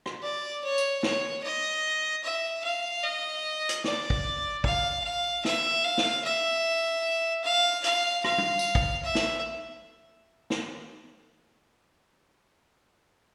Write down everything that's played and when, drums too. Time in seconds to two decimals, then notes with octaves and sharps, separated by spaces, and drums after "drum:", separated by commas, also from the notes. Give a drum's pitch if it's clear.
0.06 drum: rim click
0.23 D5
0.64 C#5
0.78 drum: tambourine
1.03 C#5, drum: snare
1.43 D#5
2.23 E5
2.64 F5
3.03 D#5
3.69 drum: hi-hat
3.84 D5, drum: snare
4.10 drum: kick
4.64 F5, drum: kick
5.03 F5
5.45 E5, drum: snare
5.84 F5
5.98 drum: snare
6.25 E5
7.44 F5
7.84 F5, drum: hi-hat
8.24 F5, drum: rim click
8.38 drum: tom
8.59 drum: tambourine
8.75 drum: kick
9.05 E5
9.15 drum: snare
10.50 drum: snare